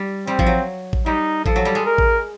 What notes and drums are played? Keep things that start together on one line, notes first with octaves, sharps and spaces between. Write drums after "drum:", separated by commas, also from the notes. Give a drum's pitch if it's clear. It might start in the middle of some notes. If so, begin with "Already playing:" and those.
Already playing: G3
G3 C4
F3, drum: kick A1
F#3
drum: kick A1
G3 D#4
F3 A4, drum: kick A1
F#3
G3
G#3
A#4
drum: kick A1